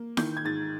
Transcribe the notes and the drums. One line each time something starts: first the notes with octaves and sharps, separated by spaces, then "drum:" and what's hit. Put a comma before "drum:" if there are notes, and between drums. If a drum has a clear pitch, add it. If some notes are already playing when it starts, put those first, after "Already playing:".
Already playing: A#3
D#3 G6, drum: snare E4
G#6
G#2 A6